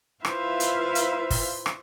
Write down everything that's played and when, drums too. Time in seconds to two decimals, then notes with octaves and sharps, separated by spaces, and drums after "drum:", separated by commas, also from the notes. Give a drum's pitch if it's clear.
0.25 E4 F4 B4 C5 E5 F5, drum: rim click
0.60 drum: hi-hat
0.95 drum: hi-hat
1.30 drum: kick, open hi-hat
1.66 drum: rim click